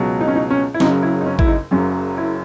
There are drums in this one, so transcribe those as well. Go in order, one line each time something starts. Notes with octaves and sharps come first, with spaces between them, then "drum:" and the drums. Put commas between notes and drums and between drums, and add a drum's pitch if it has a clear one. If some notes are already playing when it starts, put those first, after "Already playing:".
Already playing: C#2 B2 F#3
D#4
C#4
D#4
C#4
E4
F#1 F#2 C#3 F#3 D#4, drum: snare
E4
D#4
C#4
E4, drum: kick G#1
D#4
F#1 F#2 C#3 F#3
E4